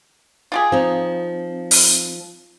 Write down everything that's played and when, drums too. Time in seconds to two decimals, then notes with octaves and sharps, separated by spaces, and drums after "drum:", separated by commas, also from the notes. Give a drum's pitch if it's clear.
0.52 F4 G4 G#4
0.72 F3 C4 D#4
1.71 drum: open hi-hat